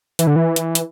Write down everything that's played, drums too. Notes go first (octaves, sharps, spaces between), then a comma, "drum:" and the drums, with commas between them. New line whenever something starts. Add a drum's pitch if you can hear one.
E3, drum: hi-hat
D3
E3
drum: hi-hat
drum: hi-hat